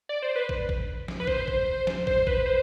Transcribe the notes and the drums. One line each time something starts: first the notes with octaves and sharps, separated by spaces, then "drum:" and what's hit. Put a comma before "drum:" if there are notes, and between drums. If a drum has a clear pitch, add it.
D5
C5
B4
drum: kick
drum: kick
drum: snare
B4
C5, drum: kick
drum: kick
drum: snare
C5, drum: kick
B4, drum: kick
C5